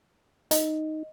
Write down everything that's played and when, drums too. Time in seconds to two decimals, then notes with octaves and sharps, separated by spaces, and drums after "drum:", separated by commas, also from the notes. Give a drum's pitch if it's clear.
0.51 D#4 D#5, drum: hi-hat